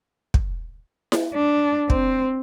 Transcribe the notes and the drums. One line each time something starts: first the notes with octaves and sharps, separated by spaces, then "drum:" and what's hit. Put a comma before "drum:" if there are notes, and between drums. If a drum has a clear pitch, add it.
drum: kick
drum: snare E4
D4
C4, drum: kick